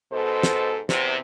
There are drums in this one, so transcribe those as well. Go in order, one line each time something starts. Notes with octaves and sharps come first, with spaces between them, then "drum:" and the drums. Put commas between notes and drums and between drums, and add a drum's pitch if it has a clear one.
G#2 B2 A4 C5
drum: snare
E2 C3 C5, drum: snare